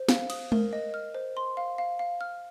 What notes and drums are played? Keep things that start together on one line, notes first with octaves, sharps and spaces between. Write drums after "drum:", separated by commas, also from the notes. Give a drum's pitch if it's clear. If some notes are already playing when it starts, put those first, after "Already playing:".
Already playing: C5
F5, drum: snare
D#6, drum: cymbal
A#4, drum: tom G#3
D#5
F6
C5
C6
F5
F5
F5
F6